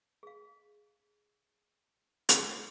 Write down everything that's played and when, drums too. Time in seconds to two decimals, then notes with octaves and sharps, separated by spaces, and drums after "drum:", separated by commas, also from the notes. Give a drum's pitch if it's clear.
0.23 G#4 F5
2.29 drum: hi-hat